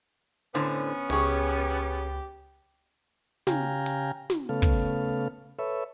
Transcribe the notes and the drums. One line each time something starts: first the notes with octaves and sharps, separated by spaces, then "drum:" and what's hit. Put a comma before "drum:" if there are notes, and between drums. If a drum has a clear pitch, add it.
A2 D3 B3 C#4 C5
C#2 G4 G#4 C#5, drum: open hi-hat
C#3 G4 F5 G5 G#5 A#5, drum: snare
drum: hi-hat
drum: snare
C#3 A3 B3 A4 F5
drum: kick
A4 B4 C#5 E5